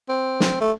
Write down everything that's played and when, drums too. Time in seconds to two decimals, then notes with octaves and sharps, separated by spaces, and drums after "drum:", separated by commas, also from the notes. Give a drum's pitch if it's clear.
0.09 C4
0.40 drum: snare
0.61 A3